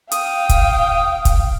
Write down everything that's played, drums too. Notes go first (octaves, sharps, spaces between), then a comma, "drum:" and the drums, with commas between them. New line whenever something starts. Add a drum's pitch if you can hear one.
F5 G5 D#6, drum: hi-hat
drum: kick, hi-hat
drum: kick, hi-hat